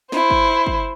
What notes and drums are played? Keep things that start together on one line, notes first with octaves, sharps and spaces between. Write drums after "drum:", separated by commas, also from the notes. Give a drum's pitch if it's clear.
E4 C5, drum: snare
drum: kick
drum: kick